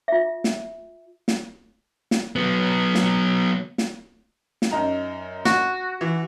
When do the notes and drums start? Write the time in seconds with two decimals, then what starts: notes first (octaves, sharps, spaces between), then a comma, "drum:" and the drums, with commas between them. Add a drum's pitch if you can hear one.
0.08 F4 E5
0.44 drum: snare
1.28 drum: snare
2.11 drum: snare
2.36 F#3 B3
2.95 drum: snare
3.78 drum: snare
4.62 drum: snare
4.71 F#2 D#4 A#5
5.45 F#4, drum: snare
6.01 E3